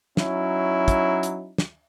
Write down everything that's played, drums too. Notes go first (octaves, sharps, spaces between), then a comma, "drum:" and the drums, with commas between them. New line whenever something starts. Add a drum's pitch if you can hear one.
F#3 C#4 D#4 E4, drum: snare
drum: kick, hi-hat
drum: hi-hat
drum: snare